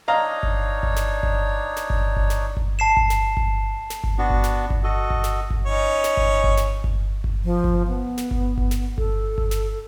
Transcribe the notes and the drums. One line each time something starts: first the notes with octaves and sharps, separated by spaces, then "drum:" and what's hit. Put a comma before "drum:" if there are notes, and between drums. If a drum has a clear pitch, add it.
D4 D#4 C#5 D#5 F5 A#5
drum: kick G1
drum: kick G1
drum: snare
drum: kick G1
drum: snare
drum: kick G1
drum: kick G1
drum: snare
drum: kick G1
A5 C7 E7
drum: kick G1
drum: snare
drum: kick G1
drum: snare
drum: kick G1
B3 D4 F#4
drum: kick G1
drum: snare
drum: kick G1
F#4 A4 D#5
drum: kick G1
drum: snare
drum: kick G1
C#4 D#4 C#5
drum: snare
drum: kick G1
drum: kick G1
drum: snare
drum: kick G1
drum: kick G1
F3
drum: kick G1
B3
drum: snare
drum: kick G1
drum: kick G1
drum: snare
A4, drum: kick G1
drum: kick G1
drum: snare